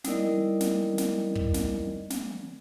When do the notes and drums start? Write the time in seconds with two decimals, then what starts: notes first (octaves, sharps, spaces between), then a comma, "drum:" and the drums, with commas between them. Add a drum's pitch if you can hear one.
0.04 G3 D#4 E4 A#4 D5 D#5, drum: snare
0.60 drum: snare
0.98 drum: snare
1.35 drum: kick
1.54 drum: snare
2.10 drum: snare